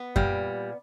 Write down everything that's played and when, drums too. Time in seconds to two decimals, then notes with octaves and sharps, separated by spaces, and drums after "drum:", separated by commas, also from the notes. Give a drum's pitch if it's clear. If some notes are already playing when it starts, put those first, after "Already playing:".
Already playing: B3
0.16 A#2 G3, drum: kick F#2